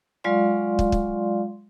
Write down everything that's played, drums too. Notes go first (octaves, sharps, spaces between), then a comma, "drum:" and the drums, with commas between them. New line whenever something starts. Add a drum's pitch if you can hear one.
F#3 G#3 F4 D5 F5 C6
drum: kick
drum: kick